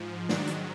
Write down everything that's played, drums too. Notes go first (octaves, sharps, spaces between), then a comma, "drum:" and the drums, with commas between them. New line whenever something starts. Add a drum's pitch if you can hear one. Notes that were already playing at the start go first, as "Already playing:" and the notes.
Already playing: G#2 F3
G#2 D#3 F#3 D4, drum: snare
drum: hi-hat